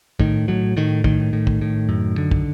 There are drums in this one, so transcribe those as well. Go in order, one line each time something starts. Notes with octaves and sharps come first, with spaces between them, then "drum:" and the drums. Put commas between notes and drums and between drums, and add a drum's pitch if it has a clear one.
A2 D#3, drum: kick
A2 F#3
A2 D#3
A2 D#3, drum: kick
A2
drum: kick
A2
F#2
D3
drum: kick